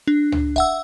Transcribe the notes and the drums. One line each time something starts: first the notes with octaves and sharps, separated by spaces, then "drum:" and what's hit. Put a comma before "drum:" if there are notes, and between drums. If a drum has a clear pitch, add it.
D4
drum: tom C#2
E5 F#5 E6, drum: kick C#1